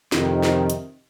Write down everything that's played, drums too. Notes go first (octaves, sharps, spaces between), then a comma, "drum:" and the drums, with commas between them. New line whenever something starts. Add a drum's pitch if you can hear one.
F2 C3 D#3, drum: snare
drum: snare
drum: hi-hat